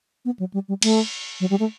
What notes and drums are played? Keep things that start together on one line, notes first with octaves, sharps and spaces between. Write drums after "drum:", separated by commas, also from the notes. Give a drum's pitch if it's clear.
B3
F#3
G3
G3
A3, drum: cymbal
F#3
G3
A3